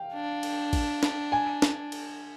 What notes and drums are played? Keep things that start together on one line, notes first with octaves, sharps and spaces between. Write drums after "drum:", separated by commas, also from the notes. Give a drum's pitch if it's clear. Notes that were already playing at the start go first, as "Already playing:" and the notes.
Already playing: F5 G5
D4
drum: cymbal
drum: kick A1, cymbal
drum: snare
G#5
drum: snare
drum: cymbal